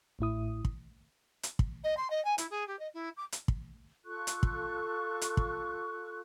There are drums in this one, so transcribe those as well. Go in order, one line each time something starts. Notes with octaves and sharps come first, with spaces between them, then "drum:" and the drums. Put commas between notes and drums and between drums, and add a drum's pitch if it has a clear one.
A1 A2 E4 D#6
drum: kick
drum: hi-hat
drum: kick
D#5
C6
D#5
G#5
E4, drum: hi-hat
G#4
G4
D#5
E4
D6
drum: hi-hat
drum: kick
F4 A4 C#6 F#6
drum: hi-hat
drum: kick
drum: hi-hat
drum: kick